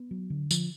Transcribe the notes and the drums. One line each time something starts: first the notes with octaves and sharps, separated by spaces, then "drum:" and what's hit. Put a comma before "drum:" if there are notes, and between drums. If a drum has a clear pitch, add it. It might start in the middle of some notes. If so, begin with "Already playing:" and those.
Already playing: B3
F#3
D3
F3, drum: tambourine